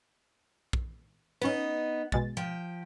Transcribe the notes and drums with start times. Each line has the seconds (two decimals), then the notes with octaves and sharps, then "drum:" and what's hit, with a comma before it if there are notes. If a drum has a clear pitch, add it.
0.73 drum: kick
1.42 B3 C#4 D#4 B4 D#5
2.12 B2 G#3 A6, drum: kick
2.37 F3 G5